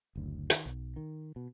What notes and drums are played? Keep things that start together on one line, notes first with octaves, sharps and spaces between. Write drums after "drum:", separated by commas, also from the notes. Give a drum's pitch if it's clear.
F#1 D2
D#3, drum: hi-hat
B1
D#3
B2